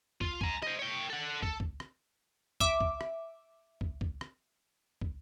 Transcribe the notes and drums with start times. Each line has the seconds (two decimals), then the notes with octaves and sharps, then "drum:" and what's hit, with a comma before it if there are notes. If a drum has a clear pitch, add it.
0.21 F4, drum: kick
0.41 G#5 A#5, drum: kick
0.62 C5 D#5, drum: rim click
0.79 C#5 G5
1.10 A4 F#5
1.43 A4, drum: kick
1.60 drum: kick
1.80 drum: rim click
2.60 E5 D6, drum: kick
2.81 drum: kick
3.01 drum: rim click
3.81 drum: kick
4.01 drum: kick
4.21 drum: rim click
5.01 drum: kick